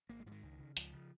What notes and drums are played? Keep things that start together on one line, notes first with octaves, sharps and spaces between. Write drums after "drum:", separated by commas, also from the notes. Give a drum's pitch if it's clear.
G#1 A#3
G#3
G#2 F3
D#3
C#2
C#3
C#2 F3, drum: hi-hat
C#3